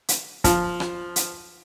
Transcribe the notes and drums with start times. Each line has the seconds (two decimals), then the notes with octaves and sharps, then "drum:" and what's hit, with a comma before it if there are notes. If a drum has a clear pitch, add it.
0.08 drum: hi-hat
0.44 F3, drum: kick, hi-hat
0.80 drum: rim click
1.16 drum: hi-hat